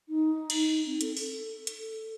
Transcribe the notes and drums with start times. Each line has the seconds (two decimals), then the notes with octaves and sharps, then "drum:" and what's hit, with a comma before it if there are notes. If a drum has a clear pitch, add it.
0.08 D#4
0.50 drum: cymbal
0.70 D#4
0.86 C4
1.01 A4, drum: hi-hat
1.17 A4, drum: open hi-hat
1.67 drum: hi-hat